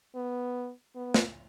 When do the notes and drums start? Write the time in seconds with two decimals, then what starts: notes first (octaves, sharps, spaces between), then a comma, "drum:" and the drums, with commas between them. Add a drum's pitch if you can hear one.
0.15 B3
0.96 B3
1.14 drum: snare